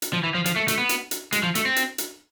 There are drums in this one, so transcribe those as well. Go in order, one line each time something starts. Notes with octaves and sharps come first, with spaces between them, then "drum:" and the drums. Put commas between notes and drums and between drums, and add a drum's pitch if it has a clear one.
drum: hi-hat
F3
E3
F3
F3, drum: hi-hat
A3
A3, drum: hi-hat
B3
drum: hi-hat
drum: hi-hat
G#3, drum: hi-hat
F3
A3, drum: hi-hat
C4
drum: hi-hat
drum: hi-hat